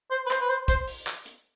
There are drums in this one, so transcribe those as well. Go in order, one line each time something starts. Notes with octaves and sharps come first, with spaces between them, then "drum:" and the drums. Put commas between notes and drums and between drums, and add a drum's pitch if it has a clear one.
C5
B4
C5, drum: clap
B4
C5
C5, drum: kick, hi-hat
drum: open hi-hat
drum: clap
drum: hi-hat